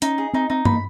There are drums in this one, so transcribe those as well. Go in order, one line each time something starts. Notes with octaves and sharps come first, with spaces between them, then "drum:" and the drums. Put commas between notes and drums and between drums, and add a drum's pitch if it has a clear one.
C#4 D#4, drum: hi-hat
G#4
C4 D#4
C4 D#4
A#3 B5, drum: tom G2